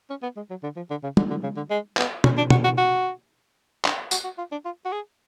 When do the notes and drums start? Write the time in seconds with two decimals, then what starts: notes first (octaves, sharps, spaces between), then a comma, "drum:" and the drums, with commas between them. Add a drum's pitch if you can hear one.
0.10 C#4
0.22 B3
0.36 G#3
0.50 F#3
0.63 D3
0.76 F3
0.90 D3
1.03 C#3
1.17 D3, drum: tom
1.30 D3
1.43 C#3
1.56 D3
1.70 G#3
1.97 B3, drum: clap
2.24 C#4, drum: tom
2.37 D4
2.50 F#4, drum: tom
2.64 F#4
2.77 F#4
3.85 D4, drum: clap
4.11 F#4, drum: tambourine
4.24 F#4
4.38 F4
4.52 D4
4.65 F4
4.85 F#4
4.92 G#4